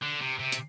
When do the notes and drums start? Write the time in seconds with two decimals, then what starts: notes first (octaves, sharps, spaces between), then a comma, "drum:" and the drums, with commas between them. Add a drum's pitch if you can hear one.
0.02 D3
0.21 C3
0.39 C3
0.52 drum: hi-hat